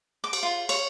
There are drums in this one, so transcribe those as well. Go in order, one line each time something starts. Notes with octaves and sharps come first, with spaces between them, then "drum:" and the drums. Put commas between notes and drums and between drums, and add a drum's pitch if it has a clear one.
D6
drum: cymbal
F4
C#5, drum: cymbal